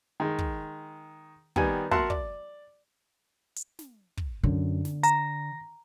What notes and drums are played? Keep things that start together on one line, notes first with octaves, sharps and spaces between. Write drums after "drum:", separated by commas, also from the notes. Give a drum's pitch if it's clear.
D#3 G#3
drum: kick
D#3 G3 B3 G#5, drum: kick
F#4 A#4 E5 F#5 A5 C6, drum: kick
D5, drum: kick
drum: hi-hat
drum: snare
drum: kick
F#2 D3
drum: snare
A#5 A#6, drum: hi-hat